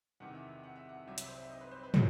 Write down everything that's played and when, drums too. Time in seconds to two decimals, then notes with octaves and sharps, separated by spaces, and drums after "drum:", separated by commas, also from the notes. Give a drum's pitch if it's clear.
0.20 E2 C3 D#3 F#5
0.35 E5
0.63 F#5
0.76 E5
0.89 F#5
1.07 C2 C3 F#3 E5
1.18 E5, drum: hi-hat
1.28 C5
1.40 E5
1.50 D#5
1.61 B4
1.71 C5
1.83 B4
1.94 F#3 F#4, drum: tom